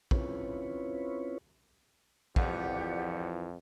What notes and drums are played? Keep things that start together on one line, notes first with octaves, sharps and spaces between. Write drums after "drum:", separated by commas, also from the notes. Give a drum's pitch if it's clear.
C4 C#4 E4 F4 B4 C#5, drum: kick
F2 E3 F3 G4 D5 F#5, drum: kick